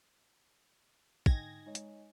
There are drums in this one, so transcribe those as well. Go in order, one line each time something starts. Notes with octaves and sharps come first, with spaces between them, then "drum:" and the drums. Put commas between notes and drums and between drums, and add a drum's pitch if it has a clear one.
G#2 D3 D#4 D#5 G5 G#5 G#6 A#6, drum: kick
G#3 D#4 C#5 D#5
drum: hi-hat